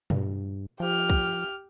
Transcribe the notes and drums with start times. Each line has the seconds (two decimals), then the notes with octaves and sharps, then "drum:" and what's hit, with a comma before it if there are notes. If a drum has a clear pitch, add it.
0.10 G2, drum: tom A#2
0.80 F3 G4 F6
1.10 drum: kick B1